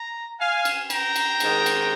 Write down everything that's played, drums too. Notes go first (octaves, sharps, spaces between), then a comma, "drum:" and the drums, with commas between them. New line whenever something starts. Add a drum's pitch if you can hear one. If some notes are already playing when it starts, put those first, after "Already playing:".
Already playing: A#5
F5 G#5
drum: cymbal
G5 A#5, drum: cymbal
drum: cymbal
G#2 D#3 G3 C4 D#4, drum: cymbal
drum: cymbal